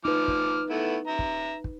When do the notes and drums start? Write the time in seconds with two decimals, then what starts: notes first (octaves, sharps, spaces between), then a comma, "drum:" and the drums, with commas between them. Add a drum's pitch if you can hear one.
0.05 F3 D#4 B4 D6 F6
0.28 drum: kick
0.70 A3 B3 E4
1.07 E5 A#5
1.19 drum: kick
1.64 drum: kick